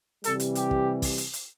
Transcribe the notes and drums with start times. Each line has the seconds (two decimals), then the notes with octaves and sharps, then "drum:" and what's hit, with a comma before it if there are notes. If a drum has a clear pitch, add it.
0.24 C3 E3 G3 A4, drum: hi-hat
0.40 drum: hi-hat
0.55 G4, drum: hi-hat
0.71 drum: kick
1.02 drum: kick, open hi-hat
1.18 drum: hi-hat
1.33 drum: hi-hat